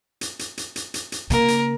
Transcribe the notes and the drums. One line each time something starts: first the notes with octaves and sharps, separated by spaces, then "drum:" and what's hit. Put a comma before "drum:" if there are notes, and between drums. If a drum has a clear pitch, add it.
drum: hi-hat
drum: hi-hat
drum: hi-hat
drum: hi-hat
drum: hi-hat
drum: hi-hat
C#3 A#3 A#4, drum: hi-hat
drum: hi-hat